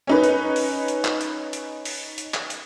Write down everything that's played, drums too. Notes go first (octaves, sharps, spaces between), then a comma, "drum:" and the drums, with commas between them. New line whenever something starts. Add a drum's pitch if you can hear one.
C#4 D#4 B4
drum: hi-hat
drum: open hi-hat
drum: hi-hat
drum: clap
drum: hi-hat
drum: hi-hat
drum: open hi-hat
drum: hi-hat
drum: clap
drum: hi-hat